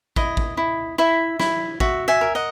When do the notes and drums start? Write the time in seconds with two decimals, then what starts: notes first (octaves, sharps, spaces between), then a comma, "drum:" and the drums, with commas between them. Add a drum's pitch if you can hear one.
0.16 E4 D#5, drum: kick
0.37 drum: kick
0.57 E4
0.98 E4 E5
1.39 E4, drum: snare
1.80 F#4 E5, drum: kick
2.08 E5 G#5
2.21 A#4
2.35 D#5 F#5